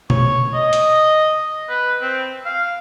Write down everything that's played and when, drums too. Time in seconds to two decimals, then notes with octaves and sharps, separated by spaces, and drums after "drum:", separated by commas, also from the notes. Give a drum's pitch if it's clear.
0.10 C#5, drum: tom B2
0.54 D#5
0.73 drum: hi-hat
1.69 B4
2.01 C4
2.45 F5